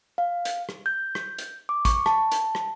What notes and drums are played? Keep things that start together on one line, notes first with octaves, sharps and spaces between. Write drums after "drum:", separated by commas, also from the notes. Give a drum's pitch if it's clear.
F5
drum: hi-hat
drum: rim click
G6
drum: rim click
drum: hi-hat
D6
C#6, drum: kick, hi-hat
A5, drum: rim click
drum: hi-hat
drum: rim click